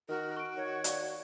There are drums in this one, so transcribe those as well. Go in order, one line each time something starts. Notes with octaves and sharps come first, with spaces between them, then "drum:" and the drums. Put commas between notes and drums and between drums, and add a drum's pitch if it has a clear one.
D#3 F#4 A#4
C#6 D7
D#3 C#5
D5 F5 C#6, drum: hi-hat